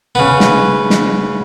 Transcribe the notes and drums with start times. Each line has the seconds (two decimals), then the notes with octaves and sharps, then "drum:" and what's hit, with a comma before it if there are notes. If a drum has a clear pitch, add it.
0.15 C#3 B3
0.40 drum: snare
0.90 drum: snare